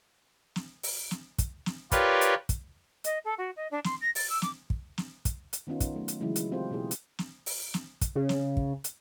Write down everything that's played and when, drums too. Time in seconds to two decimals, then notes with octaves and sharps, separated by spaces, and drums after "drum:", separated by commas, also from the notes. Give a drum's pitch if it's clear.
0.56 drum: snare
0.83 drum: open hi-hat
1.11 drum: snare
1.39 drum: kick, hi-hat
1.66 drum: snare
1.92 F4 G4 A#4 B4 C#5 D5, drum: kick, hi-hat
2.21 drum: hi-hat
2.49 drum: kick, hi-hat
3.04 D#5, drum: hi-hat
3.24 A4
3.38 F#4
3.56 D#5
3.71 D4
3.84 C6, drum: snare
4.01 A#6
4.15 A6, drum: open hi-hat
4.29 E6
4.42 D6, drum: snare
4.70 drum: kick
4.98 drum: snare
5.25 drum: kick, hi-hat
5.53 drum: hi-hat
5.67 D#3 B3 C#4 D#4 F4
5.80 drum: kick, hi-hat
5.94 F#3 A3
6.08 drum: hi-hat
6.20 C#3 E3 F#3 G#3 A3 E4
6.36 drum: hi-hat
6.52 C4 F4 G4 A4 C5
6.71 B2 A#3 E4 G#4
6.91 drum: hi-hat
7.19 drum: snare
7.46 drum: open hi-hat
7.74 drum: snare
8.01 drum: kick, hi-hat
8.15 C#3
8.29 drum: snare
8.57 drum: kick
8.84 drum: hi-hat